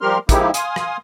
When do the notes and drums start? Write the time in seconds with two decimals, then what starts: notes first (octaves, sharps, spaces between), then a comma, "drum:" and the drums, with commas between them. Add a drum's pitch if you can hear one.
0.01 F3 G3 G4 A#4 C6 F6
0.29 F3 G#3 A#3 D#4 E4 G4, drum: kick, hi-hat
0.54 F5 G#5 C6 D#6, drum: hi-hat
0.76 drum: rim click